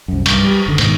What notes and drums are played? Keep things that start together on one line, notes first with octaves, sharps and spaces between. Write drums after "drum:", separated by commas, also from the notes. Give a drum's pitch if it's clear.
C2 F#2
C2 G2, drum: cymbal
G3
F#1 D3
G#2 B2 D#3, drum: cymbal